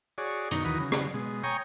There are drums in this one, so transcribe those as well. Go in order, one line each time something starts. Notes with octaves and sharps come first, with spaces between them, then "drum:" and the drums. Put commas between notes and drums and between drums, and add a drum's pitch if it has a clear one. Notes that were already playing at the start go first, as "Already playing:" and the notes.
F#4 G#4 C#5 D5
F#2 B2 D#3 D#4 A#5 C#6, drum: hi-hat
D#2 D#3 E3 F#4 B4 D#6
C#3 F#3
drum: rim click
B2 G#3
C#5 G5 G#5 A#5 C#6 D#6